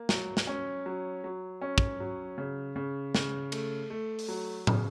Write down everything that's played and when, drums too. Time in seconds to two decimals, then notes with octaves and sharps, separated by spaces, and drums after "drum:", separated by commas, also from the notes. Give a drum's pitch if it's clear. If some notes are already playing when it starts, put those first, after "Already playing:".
Already playing: A#3
0.09 F#3, drum: snare
0.37 drum: snare
0.47 C#4
0.86 F#3
1.24 F#3
1.61 C#4
1.78 drum: kick
2.00 F#3
2.38 C#3
2.76 C#3
3.15 C#3, drum: snare
3.52 A3, drum: cymbal
3.90 A3
4.19 drum: open hi-hat
4.28 F#3
4.67 C#3, drum: tom